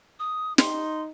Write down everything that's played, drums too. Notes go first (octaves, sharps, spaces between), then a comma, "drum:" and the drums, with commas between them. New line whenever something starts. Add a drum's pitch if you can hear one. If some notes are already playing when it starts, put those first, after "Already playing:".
D#6
D#4 C6, drum: snare